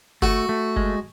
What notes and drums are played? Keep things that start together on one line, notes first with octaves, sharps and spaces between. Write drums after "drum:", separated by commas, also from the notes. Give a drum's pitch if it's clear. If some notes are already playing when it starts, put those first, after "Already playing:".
A3 F#4, drum: kick F#1
A3
G#3, drum: kick F#1